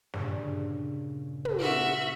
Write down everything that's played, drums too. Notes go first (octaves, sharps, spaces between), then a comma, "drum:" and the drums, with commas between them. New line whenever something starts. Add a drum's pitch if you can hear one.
G2 A#2 C#3, drum: snare
drum: tom
F#4 E5 D6 F6